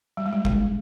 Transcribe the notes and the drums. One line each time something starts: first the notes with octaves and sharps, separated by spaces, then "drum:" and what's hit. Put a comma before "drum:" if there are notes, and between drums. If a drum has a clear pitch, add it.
G3
G#3
G3
G#3, drum: kick G1